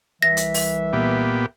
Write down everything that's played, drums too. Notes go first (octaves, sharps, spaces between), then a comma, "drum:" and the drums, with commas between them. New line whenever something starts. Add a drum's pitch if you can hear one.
C2 E3 E5 A#6
drum: hi-hat
drum: open hi-hat
A#2 B3 G4